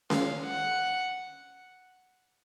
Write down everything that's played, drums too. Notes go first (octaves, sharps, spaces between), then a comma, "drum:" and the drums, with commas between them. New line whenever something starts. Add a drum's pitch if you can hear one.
F5, drum: snare C#4
F#5